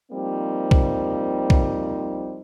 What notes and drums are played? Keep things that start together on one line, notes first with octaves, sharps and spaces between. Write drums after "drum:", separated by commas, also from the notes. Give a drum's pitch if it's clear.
F3 G3 A#3 C4 D#4
drum: kick B1
drum: kick B1